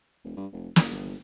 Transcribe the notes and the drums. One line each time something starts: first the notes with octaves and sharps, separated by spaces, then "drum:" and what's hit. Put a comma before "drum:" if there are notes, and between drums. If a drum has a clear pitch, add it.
E1
G2
F1
F#1, drum: snare
G1